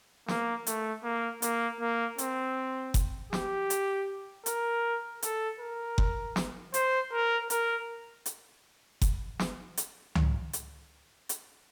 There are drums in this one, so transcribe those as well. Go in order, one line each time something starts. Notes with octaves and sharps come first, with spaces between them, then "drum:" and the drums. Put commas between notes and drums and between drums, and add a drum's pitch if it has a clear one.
A#3, drum: snare
A3, drum: hi-hat
A#3
A#3, drum: hi-hat
A#3
C4, drum: hi-hat
drum: kick F#1, hi-hat
G4, drum: snare
drum: hi-hat
A#4, drum: hi-hat
A4, drum: hi-hat
A#4
drum: kick F#1
drum: snare
C5, drum: hi-hat
A#4
A#4, drum: hi-hat
drum: hi-hat
drum: kick F#1, hi-hat
drum: snare
drum: hi-hat
drum: tom C#2
drum: hi-hat
drum: hi-hat